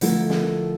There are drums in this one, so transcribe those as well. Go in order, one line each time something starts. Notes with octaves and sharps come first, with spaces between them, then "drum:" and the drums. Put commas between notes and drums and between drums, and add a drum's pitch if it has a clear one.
D3 F3 A3 E4 A#4, drum: hi-hat
drum: snare